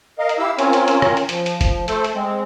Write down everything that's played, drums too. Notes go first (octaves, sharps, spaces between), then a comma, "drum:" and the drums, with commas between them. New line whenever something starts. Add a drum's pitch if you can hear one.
A#4 D#5 F5
drum: hi-hat
E4 G4 F5 E6
C4 C#4 F4 A#4 C#5, drum: hi-hat
drum: hi-hat
drum: hi-hat
drum: rim click
drum: hi-hat
F3, drum: hi-hat
drum: hi-hat
drum: kick F1, hi-hat
A3 A4 C5, drum: hi-hat
drum: hi-hat
G#3 C4